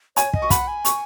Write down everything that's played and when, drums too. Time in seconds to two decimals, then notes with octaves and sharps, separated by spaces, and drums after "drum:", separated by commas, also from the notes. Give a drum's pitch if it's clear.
0.16 C#5 G#5, drum: hi-hat
0.33 D#5, drum: kick
0.42 C#6
0.50 F#5 B5, drum: kick, hi-hat
0.67 G#5
0.85 C#6, drum: hi-hat